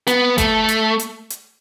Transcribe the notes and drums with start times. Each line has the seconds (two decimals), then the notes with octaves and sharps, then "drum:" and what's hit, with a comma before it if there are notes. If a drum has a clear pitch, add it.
0.07 B3, drum: hi-hat
0.38 A3, drum: kick G1, hi-hat
0.69 drum: hi-hat
0.99 drum: hi-hat
1.30 drum: hi-hat